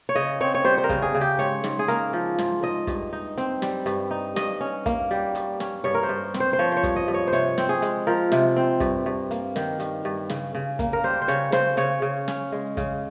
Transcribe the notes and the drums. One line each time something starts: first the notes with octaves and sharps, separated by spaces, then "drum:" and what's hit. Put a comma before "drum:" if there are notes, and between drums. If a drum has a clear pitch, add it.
C#5
C#3 D#5
C4 C#5
C#5
G3 C5
C5
A#4
C#3, drum: kick, hi-hat
G#4
C#3
G4
G#2 C#5, drum: hi-hat
G#2, drum: snare
G#4
A#3 A#4, drum: hi-hat
F3
G#2, drum: snare
G#2 D#5
G2, drum: kick, hi-hat
D#4
C4, drum: hi-hat
G3, drum: snare
G2, drum: hi-hat
D#4
G2 D#5, drum: snare
C#4
A#3, drum: kick, hi-hat
G3
G2, drum: hi-hat
C#4, drum: snare
G2 C#5
A#4
C5
G2
C4, drum: snare
C5
C5
F3 C#5
C5 C#5
G2, drum: kick, hi-hat
D#5
G2
C#5
C5
C3 C#5, drum: hi-hat
C4, drum: snare
G#4
G#3, drum: hi-hat
F3 A#4
C3, drum: snare
C4
G2, drum: kick, hi-hat
G2
A#3, drum: hi-hat
D#3, drum: snare
G2, drum: hi-hat
G2
C#3, drum: snare
C#3
A#3, drum: kick, hi-hat
A#4
G3 C5
C5
C#3 C#5, drum: hi-hat
C#3 C5, drum: snare
C#3 C#5, drum: hi-hat
C#3
C#4, drum: snare
G#3
C#3, drum: kick, hi-hat